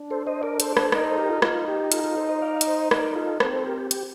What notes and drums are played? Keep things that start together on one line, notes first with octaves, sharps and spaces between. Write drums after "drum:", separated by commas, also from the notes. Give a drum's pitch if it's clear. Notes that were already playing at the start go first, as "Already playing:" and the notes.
Already playing: D4
A4 C5
C5 D#5
A#4 D5
A4 C5, drum: hi-hat
D5
A4 C5, drum: rim click
D#4 A#4 D5, drum: rim click
A4 C5
G4 A#4
F4 A4
D#4 F4, drum: rim click
G4
F4 A4, drum: hi-hat
F4 A4
A4 C5
C5 D#5
D5 F5
D5, drum: hi-hat
C5 D#5
D#4 A#4 D5, drum: rim click
F4 A4
C4 A4 C5, drum: rim click
A4 C5
G4 A#4
G4
G4, drum: hi-hat